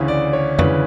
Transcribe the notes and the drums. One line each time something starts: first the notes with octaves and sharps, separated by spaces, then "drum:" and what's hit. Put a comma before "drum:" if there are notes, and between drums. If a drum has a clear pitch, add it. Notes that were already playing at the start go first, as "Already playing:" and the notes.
Already playing: D2 C#3 E3
D5
C#5
D2 C#3 E3 B4, drum: tom F2